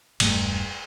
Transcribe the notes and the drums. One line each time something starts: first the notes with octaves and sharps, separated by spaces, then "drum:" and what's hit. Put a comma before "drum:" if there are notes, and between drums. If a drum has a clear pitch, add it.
E1 G2 G3 A3, drum: cymbal